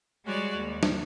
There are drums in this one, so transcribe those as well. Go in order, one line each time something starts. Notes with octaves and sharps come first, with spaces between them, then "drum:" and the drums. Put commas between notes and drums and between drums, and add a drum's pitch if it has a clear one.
G3 G#3 F#4 C#5 D5
D#2
drum: snare